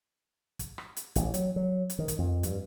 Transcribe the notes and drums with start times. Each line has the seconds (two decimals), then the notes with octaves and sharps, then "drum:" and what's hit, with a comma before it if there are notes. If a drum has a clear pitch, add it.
0.59 drum: kick, hi-hat
0.78 drum: rim click
0.97 drum: hi-hat
1.15 A1, drum: hi-hat
1.34 F#3, drum: hi-hat
1.56 F#3
1.90 drum: hi-hat
1.99 D#3
2.08 drum: kick, hi-hat
2.19 F2
2.43 G2, drum: hi-hat